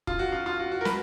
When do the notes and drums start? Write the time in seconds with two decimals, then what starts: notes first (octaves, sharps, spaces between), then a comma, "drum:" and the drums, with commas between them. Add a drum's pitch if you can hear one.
0.07 F4, drum: kick
0.19 F#4
0.32 F4
0.46 F4
0.59 F#4
0.72 F#4
0.81 A#4
0.85 B4, drum: snare